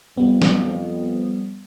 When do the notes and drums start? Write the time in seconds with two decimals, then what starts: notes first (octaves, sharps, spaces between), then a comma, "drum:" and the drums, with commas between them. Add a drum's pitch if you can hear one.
0.17 F2 G3 B3
0.42 drum: snare